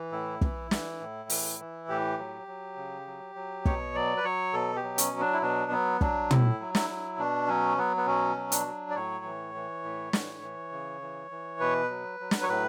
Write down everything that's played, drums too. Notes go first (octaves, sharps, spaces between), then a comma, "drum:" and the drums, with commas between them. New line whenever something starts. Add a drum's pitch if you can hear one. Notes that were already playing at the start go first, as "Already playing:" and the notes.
Already playing: E3
A2 E4
E3, drum: kick
E3, drum: snare
A2
E3, drum: open hi-hat
E3
A2 G4
F#3
F#3
C#3
F#3
F#3
B2 C#5, drum: kick
F#3 D5
B4
F#3 C#5
B2 A4
G4
F#3
C#4, drum: hi-hat
F#3
D4
E4
B2 D4
F#3 B3
F#3 D4, drum: kick
A2 E4, drum: tom
F#3
E4, drum: snare
F#3
B2 D4
F#3 C#4
F#3 B3
B3
B2 C#4
F#3
D4, drum: hi-hat
F#3
D5
A2 C#5
E3
E3
A2
E3, drum: snare
E3
C#3
E3
E3
B2 B4
F#3
F#3
drum: snare
C#5
A2 B4